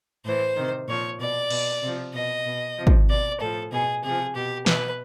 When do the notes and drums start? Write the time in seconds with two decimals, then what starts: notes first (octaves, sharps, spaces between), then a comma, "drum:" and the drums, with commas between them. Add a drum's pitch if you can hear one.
0.25 A2 E3 C5
0.56 C3 D#3
0.88 A#2 F3 C#5
1.19 B2 D5
1.50 B2, drum: cymbal
1.82 C3 F3
2.14 B2 D#5
2.46 B2
2.77 C3 F3
2.87 drum: kick
3.09 B2 D5
3.40 A2 F3 A4
3.72 B2 G#4
4.03 C3 F3 G#4
4.35 B2 G4
4.66 B2 B4, drum: snare